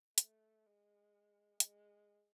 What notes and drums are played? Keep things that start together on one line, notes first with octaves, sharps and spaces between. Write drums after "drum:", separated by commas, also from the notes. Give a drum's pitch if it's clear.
A3, drum: hi-hat
G#3
G#3, drum: hi-hat